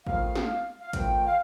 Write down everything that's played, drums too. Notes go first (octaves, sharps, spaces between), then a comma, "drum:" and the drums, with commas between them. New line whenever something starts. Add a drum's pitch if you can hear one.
F2 D#3 A3 F5, drum: kick A1
drum: snare
F5
F2 D#3 A3 G5, drum: kick A1, hi-hat
F5